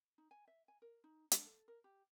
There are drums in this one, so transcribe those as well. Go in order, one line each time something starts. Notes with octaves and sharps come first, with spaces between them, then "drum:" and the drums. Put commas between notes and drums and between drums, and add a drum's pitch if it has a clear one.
D#4
G#5
E5
G#5
A#4
D#4
D4, drum: hi-hat
A4
A#4
G4